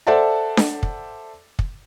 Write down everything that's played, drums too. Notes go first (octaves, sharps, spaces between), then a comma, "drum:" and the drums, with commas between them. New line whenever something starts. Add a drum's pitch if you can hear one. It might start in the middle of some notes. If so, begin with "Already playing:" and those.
A4 C5 D5 E5 F#5 A5
drum: snare D4
drum: kick
drum: kick